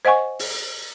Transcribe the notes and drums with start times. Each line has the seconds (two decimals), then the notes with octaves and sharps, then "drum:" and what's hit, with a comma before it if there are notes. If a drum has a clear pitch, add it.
0.05 C5 D#5 F#5 G#5 C#6
0.39 drum: open hi-hat